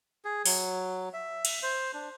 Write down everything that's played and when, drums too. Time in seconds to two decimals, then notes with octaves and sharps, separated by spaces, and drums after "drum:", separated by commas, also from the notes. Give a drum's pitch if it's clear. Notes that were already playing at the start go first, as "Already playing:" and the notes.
0.25 G#4
0.46 F#3, drum: open hi-hat
1.13 E5
1.45 drum: cymbal
1.63 C5
1.94 D4